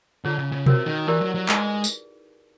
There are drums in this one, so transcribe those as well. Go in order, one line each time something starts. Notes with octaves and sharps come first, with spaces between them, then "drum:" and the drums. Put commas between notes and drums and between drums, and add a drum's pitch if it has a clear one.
D3 F4 G#4 C#5 F#5 A#5
C#3
C#3
C3 F#4 A#4 C#5, drum: tom B2
D#3
E3 E4 G4 A#4 D5
F#3
F#3
G#3 D#4 G#4 B4, drum: clap
drum: tambourine